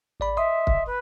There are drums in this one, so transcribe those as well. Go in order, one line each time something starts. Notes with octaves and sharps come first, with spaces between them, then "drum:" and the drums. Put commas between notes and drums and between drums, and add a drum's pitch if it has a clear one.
A1 D5 B5
D#5 E5 C6 D#6
drum: kick
B4